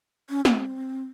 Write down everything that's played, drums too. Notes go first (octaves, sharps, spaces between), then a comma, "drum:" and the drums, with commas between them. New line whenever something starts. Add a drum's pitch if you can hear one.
C#4
C4, drum: snare